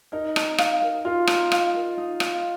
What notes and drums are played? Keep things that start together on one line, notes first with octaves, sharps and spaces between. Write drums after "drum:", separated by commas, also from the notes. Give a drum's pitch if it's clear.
D#4 A#4
A#5, drum: rim click
F5, drum: rim click
A#4
F4 A#4
A#5, drum: rim click
F5, drum: rim click
A#4
D#4
F5, drum: rim click